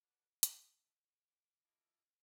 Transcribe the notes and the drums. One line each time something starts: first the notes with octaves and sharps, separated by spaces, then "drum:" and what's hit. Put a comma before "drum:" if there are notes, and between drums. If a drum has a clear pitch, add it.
F#4 B4 D5 A5
E5 A5, drum: hi-hat
D6
E4 F4 A4 D#5 D6